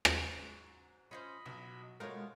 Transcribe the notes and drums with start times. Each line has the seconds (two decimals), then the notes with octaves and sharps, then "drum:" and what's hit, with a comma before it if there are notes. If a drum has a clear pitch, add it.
0.05 G#2 F#3, drum: rim click
1.11 C#4 F4 C5 D#5 B5
1.46 B1 F#3
2.00 B2 G#3 A3 F4 A#4 C#5